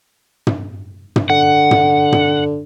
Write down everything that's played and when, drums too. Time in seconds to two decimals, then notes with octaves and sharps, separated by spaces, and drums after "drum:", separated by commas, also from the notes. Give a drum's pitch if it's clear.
0.47 drum: tom
1.16 drum: tom
1.30 D3 F#5
1.71 drum: tom
2.12 drum: tom